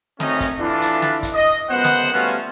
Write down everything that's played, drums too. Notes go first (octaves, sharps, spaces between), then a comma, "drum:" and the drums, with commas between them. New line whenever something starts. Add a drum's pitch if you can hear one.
F#2 A3 C4 C#4 D#4 D#5, drum: snare
drum: kick, hi-hat
E3 D4 E4 F4 A4 B4
drum: hi-hat
drum: snare
drum: kick, hi-hat
D#5
C#2 F#2 B3 C5 F#5
drum: snare
G3 A3 B3 C#4 F4 F#4